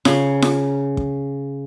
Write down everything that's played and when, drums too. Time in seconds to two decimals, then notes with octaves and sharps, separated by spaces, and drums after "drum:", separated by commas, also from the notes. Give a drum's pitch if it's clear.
0.05 C#3, drum: snare F4
0.42 drum: snare F4
0.97 drum: kick